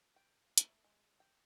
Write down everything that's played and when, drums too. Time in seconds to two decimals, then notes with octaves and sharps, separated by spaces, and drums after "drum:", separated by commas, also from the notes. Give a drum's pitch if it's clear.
0.16 G5
0.58 A3, drum: hi-hat
0.84 G#3
1.20 G5